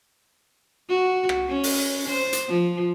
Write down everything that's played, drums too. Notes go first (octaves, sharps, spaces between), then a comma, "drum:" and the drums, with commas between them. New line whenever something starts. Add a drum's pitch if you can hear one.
F#4
drum: rim click
C#4
drum: open hi-hat
C5
drum: hi-hat
F3